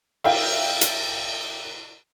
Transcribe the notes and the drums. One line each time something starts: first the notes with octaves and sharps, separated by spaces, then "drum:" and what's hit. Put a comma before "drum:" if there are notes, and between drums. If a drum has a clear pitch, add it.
E5 F5 G5, drum: cymbal
drum: hi-hat